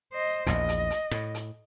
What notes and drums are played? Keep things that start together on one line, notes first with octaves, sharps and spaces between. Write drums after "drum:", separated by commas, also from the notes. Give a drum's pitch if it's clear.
C5 D#5
A#1 E2 A#2 D#5, drum: hi-hat
drum: hi-hat
drum: hi-hat
A2, drum: rim click
drum: hi-hat